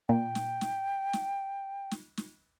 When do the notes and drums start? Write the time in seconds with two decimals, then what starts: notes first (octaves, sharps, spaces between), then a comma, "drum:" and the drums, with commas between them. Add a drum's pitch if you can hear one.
0.09 A#2 G5
0.35 drum: snare
0.61 drum: snare
1.13 drum: snare
1.91 drum: snare
2.17 drum: snare